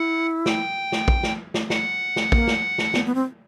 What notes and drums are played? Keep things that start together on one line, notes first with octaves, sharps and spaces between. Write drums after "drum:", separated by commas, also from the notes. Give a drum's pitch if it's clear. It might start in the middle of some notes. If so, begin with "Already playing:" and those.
Already playing: E4 F#5
G5, drum: snare
drum: snare
drum: kick
drum: snare
drum: snare
F#5, drum: snare
drum: snare
A#3, drum: kick
drum: snare
drum: snare
B3, drum: snare
B3
C4